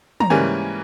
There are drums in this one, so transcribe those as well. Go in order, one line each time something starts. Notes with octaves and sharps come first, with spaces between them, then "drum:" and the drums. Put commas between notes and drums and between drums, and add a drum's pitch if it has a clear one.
A#5, drum: tom
G#2 E3 G3 A#3 C#4 G#5